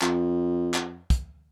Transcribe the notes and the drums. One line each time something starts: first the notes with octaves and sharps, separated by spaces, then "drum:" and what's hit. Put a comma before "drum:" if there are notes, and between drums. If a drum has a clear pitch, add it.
F2, drum: clap
drum: clap
drum: kick, hi-hat